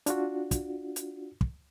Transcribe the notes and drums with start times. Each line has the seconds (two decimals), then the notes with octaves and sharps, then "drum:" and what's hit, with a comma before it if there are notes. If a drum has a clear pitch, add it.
0.06 D4 F4 F#4, drum: hi-hat
0.51 drum: kick, hi-hat
0.96 drum: hi-hat
1.41 drum: kick